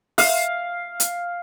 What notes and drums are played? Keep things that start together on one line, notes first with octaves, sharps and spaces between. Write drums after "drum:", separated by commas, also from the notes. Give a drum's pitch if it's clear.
F5, drum: open hi-hat
drum: hi-hat